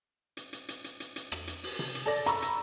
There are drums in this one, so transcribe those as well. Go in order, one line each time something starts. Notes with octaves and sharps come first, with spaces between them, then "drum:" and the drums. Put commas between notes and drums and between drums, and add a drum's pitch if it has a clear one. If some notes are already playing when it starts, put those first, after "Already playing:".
drum: hi-hat
drum: hi-hat
drum: hi-hat
drum: hi-hat
drum: hi-hat
drum: hi-hat
drum: rim click
drum: hi-hat
drum: open hi-hat
drum: tom C3
drum: hi-hat
A4 D5 A#6
A#5 B5 C#6 E6, drum: hi-hat
drum: hi-hat